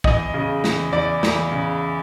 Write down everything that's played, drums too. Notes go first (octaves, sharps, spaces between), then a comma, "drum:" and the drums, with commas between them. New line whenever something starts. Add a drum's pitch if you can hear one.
E2 D#5, drum: kick
C#3
E2, drum: snare
E2 D5
E2, drum: snare
C#3